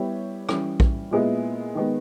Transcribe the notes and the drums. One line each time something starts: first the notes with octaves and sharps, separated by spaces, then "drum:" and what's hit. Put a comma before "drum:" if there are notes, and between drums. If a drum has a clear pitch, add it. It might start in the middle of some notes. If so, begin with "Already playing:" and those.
Already playing: G3 B3 E4 G4 C#5
E3 G3 C#4, drum: rim click
drum: kick A#1
A#2 G#3 B3 E4 G#4
D#3 G#3 B3